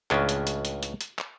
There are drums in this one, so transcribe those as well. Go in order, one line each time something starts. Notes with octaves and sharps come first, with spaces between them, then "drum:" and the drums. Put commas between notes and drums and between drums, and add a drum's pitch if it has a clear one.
C#2 A2 C#3 C#4 D4, drum: clap
drum: hi-hat
drum: hi-hat
drum: hi-hat
drum: hi-hat
drum: hi-hat
drum: clap